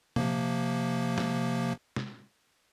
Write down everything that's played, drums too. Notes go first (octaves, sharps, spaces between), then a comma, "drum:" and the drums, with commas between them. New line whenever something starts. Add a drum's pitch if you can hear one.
C3 F3 A#3, drum: tom
drum: snare
drum: snare